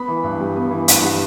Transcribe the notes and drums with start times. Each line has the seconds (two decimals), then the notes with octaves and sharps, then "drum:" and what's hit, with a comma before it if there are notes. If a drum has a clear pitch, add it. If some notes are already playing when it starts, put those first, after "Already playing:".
Already playing: B3 B5
0.08 E3
0.24 G2
0.40 G3
0.56 B3
0.71 E3
0.88 G2, drum: hi-hat
1.03 G3